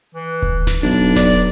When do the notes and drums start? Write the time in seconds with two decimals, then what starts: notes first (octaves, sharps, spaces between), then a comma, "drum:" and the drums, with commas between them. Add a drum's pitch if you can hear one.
0.15 E3
0.42 drum: kick D#1
0.67 drum: snare D#1
0.82 B1 D4
1.16 D5, drum: snare D#1